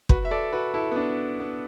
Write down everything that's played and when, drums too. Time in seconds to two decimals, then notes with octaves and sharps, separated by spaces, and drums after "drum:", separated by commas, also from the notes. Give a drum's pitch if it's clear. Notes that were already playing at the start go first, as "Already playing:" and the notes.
0.09 F#4 B4, drum: kick
0.25 E5
0.31 A4 D5
0.53 F#4 B4
0.74 E4 A4
0.91 B3
0.96 D4
1.40 B3